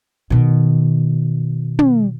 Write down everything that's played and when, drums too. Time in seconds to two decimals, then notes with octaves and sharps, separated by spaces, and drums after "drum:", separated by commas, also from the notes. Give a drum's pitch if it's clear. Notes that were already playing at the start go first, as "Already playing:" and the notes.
0.30 B2 D#3
1.79 drum: tom